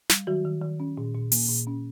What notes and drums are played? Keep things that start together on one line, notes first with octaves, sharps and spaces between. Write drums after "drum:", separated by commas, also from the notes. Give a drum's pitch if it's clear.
G3, drum: snare
D#3 F#3 F#4
D#3
D#3
C#4
A#2
A#2
A#3, drum: open hi-hat
A#2
C#4